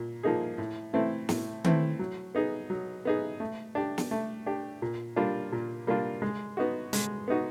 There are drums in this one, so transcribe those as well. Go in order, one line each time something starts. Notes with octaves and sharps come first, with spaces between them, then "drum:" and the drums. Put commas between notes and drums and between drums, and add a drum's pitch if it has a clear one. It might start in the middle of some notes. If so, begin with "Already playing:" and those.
Already playing: A#2
F3 A#3 D#4 G#4
A2
E3 A3 C4 E4
A2, drum: snare
E3 A3 C4 E4, drum: tom D#3
F#3
B3 D#4 G#4
F#3
B3 D#4 G#4
A3
D4 G4
drum: snare
A3
D4 G4
A#2
G3 A#3 D4 F4
A#2
G3 A#3 D4 F4
G#3
B3 D#4 F#4
G#3, drum: hi-hat
B3 D#4 F#4